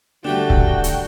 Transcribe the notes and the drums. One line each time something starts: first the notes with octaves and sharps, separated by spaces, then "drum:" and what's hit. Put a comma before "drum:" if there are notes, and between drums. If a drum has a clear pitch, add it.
D3 G3 A3 D4 F#4 G5
drum: kick C#1
drum: hi-hat